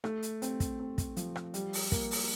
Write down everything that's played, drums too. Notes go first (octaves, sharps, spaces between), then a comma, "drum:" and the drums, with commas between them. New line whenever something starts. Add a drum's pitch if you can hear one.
A3, drum: rim click
drum: hi-hat
C4, drum: hi-hat
drum: kick, hi-hat
C4
drum: kick, hi-hat
F3, drum: hi-hat
drum: rim click
G3, drum: hi-hat
drum: open hi-hat
A#3, drum: kick, hi-hat
drum: open hi-hat